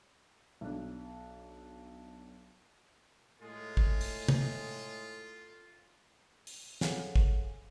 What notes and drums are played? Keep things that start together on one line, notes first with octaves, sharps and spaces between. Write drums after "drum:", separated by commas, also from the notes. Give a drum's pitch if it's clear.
B1 D4
A2 G#3 F4 A4
drum: kick
drum: open hi-hat
drum: tom
drum: open hi-hat
G#4 A4 C#5 F5 F#5 G#5, drum: snare
drum: kick